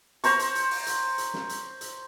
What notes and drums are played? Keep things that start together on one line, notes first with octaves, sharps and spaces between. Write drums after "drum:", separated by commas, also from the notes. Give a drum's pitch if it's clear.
C5 A#5 C#6, drum: hi-hat
drum: hi-hat
drum: hi-hat
drum: open hi-hat
drum: hi-hat
drum: hi-hat
drum: snare
drum: hi-hat
drum: hi-hat